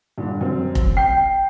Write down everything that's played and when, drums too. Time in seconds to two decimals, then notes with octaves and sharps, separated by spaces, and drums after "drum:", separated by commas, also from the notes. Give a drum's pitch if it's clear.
0.18 G2 A#2 D3
0.41 F#2 C4
0.75 drum: kick F1
0.97 G5 G6 C7